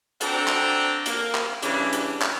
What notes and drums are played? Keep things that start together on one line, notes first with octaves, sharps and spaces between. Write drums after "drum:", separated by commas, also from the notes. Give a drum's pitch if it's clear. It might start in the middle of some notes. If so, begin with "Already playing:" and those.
C4 D4 F#4 A4 G5 A#5, drum: hi-hat
drum: clap
A#3, drum: hi-hat
drum: clap
C#3 E3 G3 D4, drum: hi-hat
drum: hi-hat
drum: clap